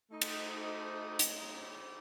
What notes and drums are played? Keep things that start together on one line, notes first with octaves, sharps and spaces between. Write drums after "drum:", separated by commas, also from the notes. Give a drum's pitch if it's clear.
A3 D#4
drum: cymbal
drum: hi-hat